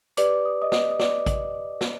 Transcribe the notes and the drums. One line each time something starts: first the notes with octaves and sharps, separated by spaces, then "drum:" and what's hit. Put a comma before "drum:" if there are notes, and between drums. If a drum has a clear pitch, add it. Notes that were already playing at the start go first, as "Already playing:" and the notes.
G4 B4 D5 D6, drum: hi-hat
D#6
D#5 D#6
D#5 D#6, drum: snare
D#6
D5 D6, drum: snare
drum: kick, hi-hat
drum: snare